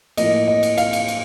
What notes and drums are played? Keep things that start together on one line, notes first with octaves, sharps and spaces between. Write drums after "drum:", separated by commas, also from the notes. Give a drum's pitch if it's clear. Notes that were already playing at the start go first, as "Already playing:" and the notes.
A2 F3 A#3 D#5, drum: cymbal
D#5
drum: cymbal
F5, drum: cymbal
drum: cymbal
drum: cymbal